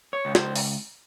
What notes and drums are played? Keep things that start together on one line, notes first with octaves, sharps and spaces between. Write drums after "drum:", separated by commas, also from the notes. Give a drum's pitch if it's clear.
C#5
C#2
C5, drum: snare
drum: open hi-hat